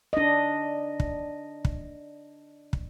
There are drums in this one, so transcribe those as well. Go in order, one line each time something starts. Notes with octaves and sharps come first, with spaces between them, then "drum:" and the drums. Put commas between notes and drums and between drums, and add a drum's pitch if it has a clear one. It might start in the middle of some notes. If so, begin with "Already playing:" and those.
D4 D#5
drum: kick
drum: kick
drum: kick